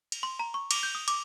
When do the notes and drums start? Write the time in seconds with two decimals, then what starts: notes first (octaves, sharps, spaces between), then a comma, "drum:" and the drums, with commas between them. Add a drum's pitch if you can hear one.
0.12 drum: cymbal
0.23 C6
0.39 A#5
0.54 C#6
0.71 D6, drum: cymbal
0.83 G6
0.95 D#6
1.08 D6, drum: cymbal